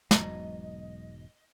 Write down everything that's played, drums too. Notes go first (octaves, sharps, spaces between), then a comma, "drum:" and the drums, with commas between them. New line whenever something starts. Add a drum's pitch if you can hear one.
E1 G#2 B2 F#3 D#5 A#5, drum: snare